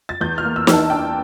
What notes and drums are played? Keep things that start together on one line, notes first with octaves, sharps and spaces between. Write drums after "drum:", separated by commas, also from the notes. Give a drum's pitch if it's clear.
A6
E2 G6
F6
A#3
E6
E3, drum: snare
A5
D4 G5